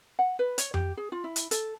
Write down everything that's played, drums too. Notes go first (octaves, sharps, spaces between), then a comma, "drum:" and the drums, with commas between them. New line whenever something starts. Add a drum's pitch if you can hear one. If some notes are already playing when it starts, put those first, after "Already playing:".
F#5
B4
C#5, drum: hi-hat
G4, drum: tom F2
G#4
F4
E4
drum: hi-hat
A4, drum: hi-hat